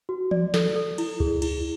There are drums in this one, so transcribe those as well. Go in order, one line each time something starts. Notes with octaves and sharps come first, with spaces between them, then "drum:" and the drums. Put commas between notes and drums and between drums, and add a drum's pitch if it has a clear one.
F#4
D5, drum: tom E3
A4, drum: snare
A4
E4, drum: cymbal
G#4, drum: kick
E4, drum: cymbal